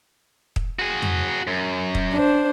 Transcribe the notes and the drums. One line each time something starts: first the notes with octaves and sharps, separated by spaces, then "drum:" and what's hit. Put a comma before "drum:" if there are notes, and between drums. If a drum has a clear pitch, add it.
drum: kick
F#4 G#4
drum: tom
F#2
drum: kick
D4 C5